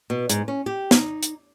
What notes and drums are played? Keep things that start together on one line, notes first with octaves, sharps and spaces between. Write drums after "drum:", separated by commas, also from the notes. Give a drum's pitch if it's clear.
B2
G#2, drum: hi-hat
C#4
G4
D#4, drum: snare
drum: hi-hat